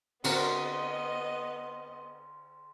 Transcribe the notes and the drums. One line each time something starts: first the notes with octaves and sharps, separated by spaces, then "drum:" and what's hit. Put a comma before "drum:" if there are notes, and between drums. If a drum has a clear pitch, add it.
D3 B3 C4 F#4 A#4 D#5 C6, drum: cymbal